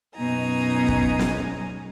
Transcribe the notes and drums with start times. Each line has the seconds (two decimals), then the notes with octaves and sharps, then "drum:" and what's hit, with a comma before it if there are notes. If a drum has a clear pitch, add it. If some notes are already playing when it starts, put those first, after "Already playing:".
0.16 F#2 B2 D#4 G#5 A#5
0.88 drum: kick
1.19 drum: snare